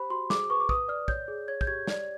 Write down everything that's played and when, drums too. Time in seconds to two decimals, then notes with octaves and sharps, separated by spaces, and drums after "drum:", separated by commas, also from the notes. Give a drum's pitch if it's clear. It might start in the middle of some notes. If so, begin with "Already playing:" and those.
Already playing: G4 C5 B5
0.10 F#4 C6
0.30 G#4 D6, drum: snare
0.50 B4 C#6
0.60 D6
0.69 B4 D#6, drum: kick
0.88 D5 F6
1.08 C#5 G6, drum: kick
1.28 G#4
1.48 C#5 G#6
1.61 G6, drum: kick
1.67 G4 G#6
1.87 D5, drum: snare